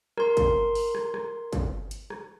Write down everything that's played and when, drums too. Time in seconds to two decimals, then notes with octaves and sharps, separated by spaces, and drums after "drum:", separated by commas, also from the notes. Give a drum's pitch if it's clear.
0.18 A#4 C6, drum: rim click
0.37 drum: kick, hi-hat
0.75 drum: open hi-hat
0.95 drum: rim click
1.14 drum: rim click
1.53 drum: kick, hi-hat
1.91 drum: hi-hat
2.10 drum: rim click